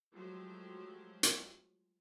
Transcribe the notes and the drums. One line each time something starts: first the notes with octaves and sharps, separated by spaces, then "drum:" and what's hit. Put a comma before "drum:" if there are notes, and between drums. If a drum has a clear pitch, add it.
F3 F#3 G#3 A3 G4 C5
drum: hi-hat